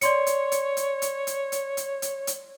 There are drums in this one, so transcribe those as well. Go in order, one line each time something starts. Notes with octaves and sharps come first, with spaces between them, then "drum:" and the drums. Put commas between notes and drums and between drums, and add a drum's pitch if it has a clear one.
C#5 D5 C6 C#7, drum: hi-hat
drum: hi-hat
drum: hi-hat
drum: hi-hat
drum: hi-hat
drum: hi-hat
drum: hi-hat
drum: hi-hat
drum: hi-hat
drum: hi-hat